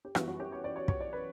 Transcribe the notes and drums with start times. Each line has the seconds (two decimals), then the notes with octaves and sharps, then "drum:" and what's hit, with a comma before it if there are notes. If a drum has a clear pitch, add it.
0.05 G4
0.15 F#2 E3 G3 B3 F#4, drum: rim click
0.28 F#4
0.40 G4
0.52 C#5
0.64 D5
0.76 C#5
0.88 C#5, drum: kick
1.01 D5
1.13 B4